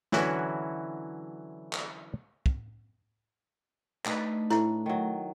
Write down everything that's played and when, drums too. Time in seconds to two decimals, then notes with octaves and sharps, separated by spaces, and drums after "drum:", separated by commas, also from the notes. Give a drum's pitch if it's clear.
0.12 D3 E3 F#3 C#4 E4 F#4, drum: snare
1.73 drum: clap
2.46 drum: kick
4.05 A3 D4 D#4 B4, drum: clap
4.50 A2 E4, drum: rim click
4.86 D#3 F#3